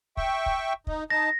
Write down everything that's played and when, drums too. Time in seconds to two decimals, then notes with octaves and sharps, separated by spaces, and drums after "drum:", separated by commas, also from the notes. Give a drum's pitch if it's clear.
0.17 E5 G5 C#6, drum: kick
0.46 drum: kick
0.87 D#4, drum: kick
1.10 D#4 A5 A#6